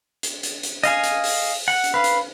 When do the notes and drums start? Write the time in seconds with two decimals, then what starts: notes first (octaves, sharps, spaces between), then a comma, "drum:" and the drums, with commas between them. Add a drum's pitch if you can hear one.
0.23 drum: hi-hat
0.43 drum: hi-hat
0.63 drum: hi-hat
0.83 D#5 F5 G#5, drum: hi-hat
1.04 drum: hi-hat
1.24 drum: open hi-hat
1.68 F#5
1.84 drum: hi-hat
1.94 B4 F5
2.04 drum: hi-hat